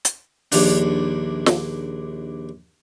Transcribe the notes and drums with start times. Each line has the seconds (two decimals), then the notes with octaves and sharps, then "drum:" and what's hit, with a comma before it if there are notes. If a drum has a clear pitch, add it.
0.05 drum: hi-hat
0.52 A#1 D#2 D4, drum: open hi-hat
1.46 drum: snare